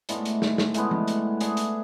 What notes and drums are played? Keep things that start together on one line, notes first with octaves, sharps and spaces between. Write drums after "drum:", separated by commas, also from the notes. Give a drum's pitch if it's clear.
A2 G#3 B3 D4, drum: hi-hat
drum: hi-hat
drum: snare
drum: snare
A2 G#3 B3 D4, drum: hi-hat
drum: tom F3
drum: hi-hat
A3 D4 G#4, drum: hi-hat
drum: hi-hat